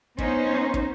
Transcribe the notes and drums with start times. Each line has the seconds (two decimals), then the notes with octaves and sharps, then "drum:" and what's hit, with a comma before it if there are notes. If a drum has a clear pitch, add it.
0.18 B3 C#4 D#4 C5, drum: kick
0.74 drum: kick